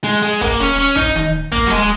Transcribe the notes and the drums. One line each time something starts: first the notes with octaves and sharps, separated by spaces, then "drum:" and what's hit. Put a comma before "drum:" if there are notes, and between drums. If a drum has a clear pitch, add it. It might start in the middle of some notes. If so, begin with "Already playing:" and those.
G#3
G#3
A#3, drum: kick
C#4
C#4
D#4, drum: kick
drum: tom D#3
A#3, drum: kick
F#3
G#3